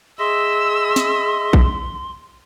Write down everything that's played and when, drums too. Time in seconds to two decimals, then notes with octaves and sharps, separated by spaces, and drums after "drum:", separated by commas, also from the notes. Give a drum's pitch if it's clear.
0.19 G#4 D#5 E5 C6 E6
0.96 drum: snare
1.53 drum: kick A#1